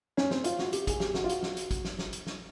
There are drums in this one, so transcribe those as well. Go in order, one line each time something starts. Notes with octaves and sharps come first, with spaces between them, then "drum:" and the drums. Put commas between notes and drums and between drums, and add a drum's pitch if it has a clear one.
C#4, drum: snare
C4, drum: snare
F4, drum: hi-hat
F#4, drum: snare
G4, drum: hi-hat
G#4, drum: kick, hi-hat
G4, drum: snare
F#4, drum: snare
F4
F#4, drum: hi-hat
drum: snare
drum: hi-hat
drum: kick, hi-hat
drum: snare
drum: snare
drum: hi-hat
drum: snare